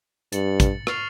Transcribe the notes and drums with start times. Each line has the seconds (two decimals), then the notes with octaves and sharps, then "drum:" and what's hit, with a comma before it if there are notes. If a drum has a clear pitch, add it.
0.32 G2 A6 C#7 F#7, drum: hi-hat
0.60 drum: kick, hi-hat
0.87 C#6 F6 A6 C7 F7, drum: rim click